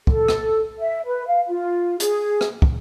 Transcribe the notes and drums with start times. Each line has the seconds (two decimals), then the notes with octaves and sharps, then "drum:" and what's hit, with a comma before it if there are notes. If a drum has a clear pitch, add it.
0.07 A4, drum: kick
0.28 drum: rim click
0.79 E5
1.05 B4
1.27 F5
1.48 F4
2.00 G#4, drum: hi-hat
2.41 drum: rim click
2.62 drum: kick